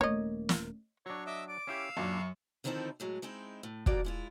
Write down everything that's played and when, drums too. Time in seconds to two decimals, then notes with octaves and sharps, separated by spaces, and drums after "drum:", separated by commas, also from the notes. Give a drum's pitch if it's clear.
0.01 D#1 E2 A3 A#3 C#4 C#5 D#5
0.49 drum: snare
1.06 F#3 D4 C#5
1.27 D#5 E5 D6 E6
1.49 D5 D6
1.67 C#4 E4 G4 F5 E6
1.97 F#2 A#2 A#3 D4 C#6
2.64 D3 D#3 F3 C4 D#4 E4
3.00 A2 F#3 G#3
3.22 G#3 C4 D#4 E4
3.63 A2
3.86 D#3 F3 G3 A#3 F#4 D5, drum: kick
4.04 G#3 E4 F4